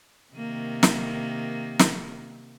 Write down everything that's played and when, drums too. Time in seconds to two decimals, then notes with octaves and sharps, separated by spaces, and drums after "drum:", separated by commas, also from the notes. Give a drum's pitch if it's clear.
0.34 C3 D#3 A#3
0.83 drum: snare
1.79 drum: snare